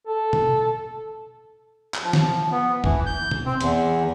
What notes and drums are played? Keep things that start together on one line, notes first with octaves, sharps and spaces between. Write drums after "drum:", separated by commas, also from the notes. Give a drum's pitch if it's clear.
A4
drum: tom
drum: clap
F3
drum: snare
B3
E3, drum: kick C2
G6
drum: tom
C4
E2, drum: hi-hat